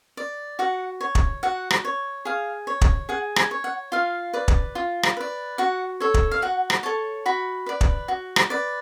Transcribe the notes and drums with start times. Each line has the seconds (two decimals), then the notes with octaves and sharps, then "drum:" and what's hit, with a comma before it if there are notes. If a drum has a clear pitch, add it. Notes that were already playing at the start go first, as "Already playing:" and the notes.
0.17 D5
0.59 F#4 F#5
1.01 C#5
1.15 drum: kick
1.43 F#4 F#5
1.70 drum: rim click
1.85 C#5
2.25 G#4 F5
2.67 C#5
2.81 drum: kick
3.09 G#4 F#5
3.36 G#5, drum: rim click
3.51 C#5
3.64 F#5
3.92 F4 F5
4.33 B4 D5
4.48 drum: kick
4.75 F4
5.03 drum: rim click
5.17 B4 D5
5.58 F#4 F#5
6.00 A4 C#5
6.14 drum: kick
6.31 F5
6.42 F#4 F#5
6.70 drum: rim click
6.83 A4 C#5 A5
7.26 F#4 B5
7.66 B4 D5
7.81 drum: kick
8.08 F#4
8.36 drum: rim click
8.50 B4 D5